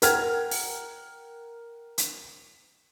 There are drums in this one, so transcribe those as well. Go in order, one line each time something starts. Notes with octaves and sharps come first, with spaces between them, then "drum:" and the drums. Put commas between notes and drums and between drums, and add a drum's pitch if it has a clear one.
A#4 F#5 G5 F6 G#6, drum: hi-hat
drum: open hi-hat
drum: hi-hat